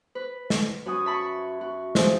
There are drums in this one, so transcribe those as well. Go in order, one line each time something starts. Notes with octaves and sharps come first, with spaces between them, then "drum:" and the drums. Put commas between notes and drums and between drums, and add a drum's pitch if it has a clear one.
B4
drum: snare
F#2 F#4 G#5 D#6
E5 A5 B5 C#6
F#4
F3 C4 G#4, drum: snare